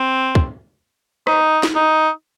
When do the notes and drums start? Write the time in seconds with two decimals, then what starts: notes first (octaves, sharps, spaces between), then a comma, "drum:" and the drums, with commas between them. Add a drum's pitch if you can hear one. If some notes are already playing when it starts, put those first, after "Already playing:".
Already playing: C4
0.35 drum: kick
1.27 D#4, drum: rim click
1.63 drum: snare
1.76 D#4